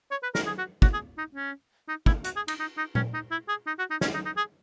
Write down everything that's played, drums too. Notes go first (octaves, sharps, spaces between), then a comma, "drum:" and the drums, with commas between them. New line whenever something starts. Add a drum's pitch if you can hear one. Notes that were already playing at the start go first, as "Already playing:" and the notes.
C#5
B4
A#4, drum: snare
G#4
F#4
F#4, drum: kick
G#4
D#4
C#4
D#4
E4, drum: kick
F#4, drum: hi-hat
G#4
D#4, drum: cymbal
D#4
D#4
C#4, drum: tom A#2
D#4
E4
G#4
D#4
F#4
D#4
C#4, drum: snare
D#4
D#4
G#4